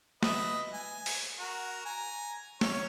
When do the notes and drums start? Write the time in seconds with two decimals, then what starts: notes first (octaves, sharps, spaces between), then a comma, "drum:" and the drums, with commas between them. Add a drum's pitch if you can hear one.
0.23 B4 D#5 E5, drum: snare
0.73 G#5
1.06 drum: open hi-hat
1.38 F#4 A#4
1.86 G#5 A#5
2.61 C#4 C#5, drum: snare